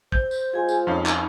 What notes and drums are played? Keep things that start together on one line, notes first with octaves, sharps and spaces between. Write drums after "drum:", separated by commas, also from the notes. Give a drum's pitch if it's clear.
C5 G6, drum: kick
drum: tambourine
G#3 F4 G#4 G#5
drum: tambourine
F2 C#4 D#4 F5
drum: clap